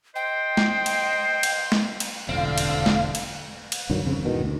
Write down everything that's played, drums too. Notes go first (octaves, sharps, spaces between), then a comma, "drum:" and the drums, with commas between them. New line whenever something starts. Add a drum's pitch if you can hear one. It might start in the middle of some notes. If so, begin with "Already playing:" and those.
C5 D#5 G5
drum: snare
drum: cymbal
drum: cymbal
drum: snare
drum: cymbal
E1 A1 F2 D3 C4 F5
drum: cymbal
drum: snare
drum: cymbal
drum: cymbal
C2 G2 D#3 F#3
F2 C#3 C4
G#1 E2 B2 D#3
D2